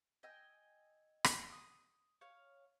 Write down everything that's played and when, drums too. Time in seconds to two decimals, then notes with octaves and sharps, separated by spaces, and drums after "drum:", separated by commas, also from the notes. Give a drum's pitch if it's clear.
0.23 D#5 G5 G#5 E6
1.24 drum: rim click
1.52 D#6
2.21 C#5 F5